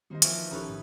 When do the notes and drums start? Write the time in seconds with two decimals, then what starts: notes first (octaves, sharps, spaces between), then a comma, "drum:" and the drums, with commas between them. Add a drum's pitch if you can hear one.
0.10 D#3 G3 A#3 C4 C5 D#5
0.22 E3 F3 A#4 C5 C#6, drum: hi-hat
0.37 B4
0.51 A#1 C#4 D#4 G4 A4 B4 C#5
0.69 A2